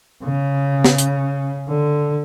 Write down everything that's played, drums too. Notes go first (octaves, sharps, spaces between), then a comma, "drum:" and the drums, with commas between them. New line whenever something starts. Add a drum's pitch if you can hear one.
C#3
drum: snare
drum: hi-hat
D3